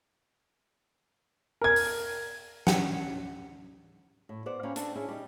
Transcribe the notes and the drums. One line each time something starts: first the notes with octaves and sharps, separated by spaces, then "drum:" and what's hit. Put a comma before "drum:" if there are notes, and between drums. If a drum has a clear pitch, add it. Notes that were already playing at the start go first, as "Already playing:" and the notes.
A#4 G#6
drum: open hi-hat
C#4 F#5, drum: snare
A2
B3 C5 D5 F#5
A#3 C#4 F4 G4 A#4 B4
C4 D4 A4, drum: hi-hat
C#4 E4 G#4
G3 D#4